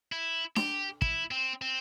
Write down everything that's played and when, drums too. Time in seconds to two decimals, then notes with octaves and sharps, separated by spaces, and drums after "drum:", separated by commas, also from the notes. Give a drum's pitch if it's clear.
0.12 E4
0.56 G4, drum: snare D4
1.02 E4, drum: kick
1.31 C4
1.62 C4